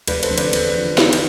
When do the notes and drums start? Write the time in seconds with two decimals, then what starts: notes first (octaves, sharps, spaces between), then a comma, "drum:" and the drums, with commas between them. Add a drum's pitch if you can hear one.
0.07 F1 B4 D5, drum: cymbal
0.23 A4 C5, drum: cymbal
0.30 F2 D3
0.38 B4 D5, drum: cymbal
0.53 E2, drum: cymbal
0.75 D3 F3
0.98 drum: snare D#4
1.13 drum: cymbal